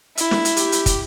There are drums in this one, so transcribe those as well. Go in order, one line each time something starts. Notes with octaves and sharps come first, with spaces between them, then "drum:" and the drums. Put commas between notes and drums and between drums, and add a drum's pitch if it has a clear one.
E4, drum: hi-hat
drum: snare
drum: hi-hat
G4, drum: hi-hat
drum: hi-hat
drum: kick, hi-hat